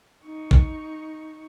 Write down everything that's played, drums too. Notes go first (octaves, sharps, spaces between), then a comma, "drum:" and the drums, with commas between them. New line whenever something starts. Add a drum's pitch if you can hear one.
D#4 C#6
drum: kick